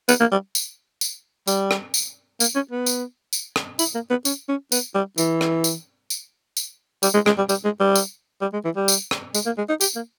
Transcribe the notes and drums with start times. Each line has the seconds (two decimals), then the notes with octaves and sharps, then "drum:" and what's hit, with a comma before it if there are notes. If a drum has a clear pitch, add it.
0.09 B3, drum: tambourine
0.20 A#3
0.32 G3
0.55 drum: tambourine
1.01 drum: tambourine
1.47 G3, drum: tambourine
1.71 drum: rim click
1.94 drum: tambourine
2.40 A#3, drum: tambourine
2.55 C#4
2.71 B3
2.86 drum: tambourine
3.33 drum: tambourine
3.56 drum: rim click
3.79 E4, drum: tambourine
3.95 A#3
4.10 B3
4.25 C#4, drum: tambourine
4.49 C#4
4.72 B3, drum: tambourine
4.95 G3
5.18 E3, drum: tambourine
5.41 drum: rim click
5.64 drum: tambourine
6.10 drum: tambourine
6.57 drum: tambourine
7.03 G3, drum: tambourine
7.14 G#3
7.26 G#3, drum: rim click
7.38 G3
7.49 G3, drum: tambourine
7.65 G#3
7.80 G3
7.95 drum: tambourine
8.42 G3
8.53 G#3
8.65 E3
8.76 G3
8.88 drum: tambourine
9.11 drum: rim click
9.34 G#3, drum: tambourine
9.46 A#3
9.58 G#3
9.69 D#4
9.81 G4, drum: tambourine
9.96 A#3